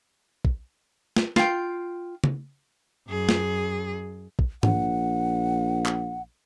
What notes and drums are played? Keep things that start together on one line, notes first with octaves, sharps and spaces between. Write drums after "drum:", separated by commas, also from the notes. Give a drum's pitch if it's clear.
drum: kick
drum: snare
F4 G5, drum: snare
drum: tom
F#2 G#4
drum: snare
drum: kick
A#1 F#5, drum: tom G#2
drum: clap